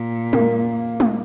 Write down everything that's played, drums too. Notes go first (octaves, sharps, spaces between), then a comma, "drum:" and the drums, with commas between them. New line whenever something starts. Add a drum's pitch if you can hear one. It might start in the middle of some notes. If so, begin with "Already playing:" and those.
Already playing: A#2
A#3, drum: tom
drum: tom